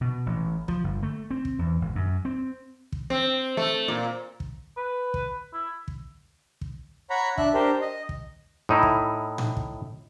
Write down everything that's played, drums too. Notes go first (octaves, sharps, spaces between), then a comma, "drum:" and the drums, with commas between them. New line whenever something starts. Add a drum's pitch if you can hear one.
B2
A1
F3, drum: kick
G1
A3
C4
drum: kick
E2
G#1
F#2
C4
drum: kick
C4
A3
A#2
drum: kick
B4
drum: kick
E4
drum: kick
drum: kick
C#5 F#5 A#5 B5
D4 E5 F#6, drum: kick
D4 G4 A#4 C5
D#5
drum: kick
A2 D#4 E4
drum: kick
drum: tom A2
drum: kick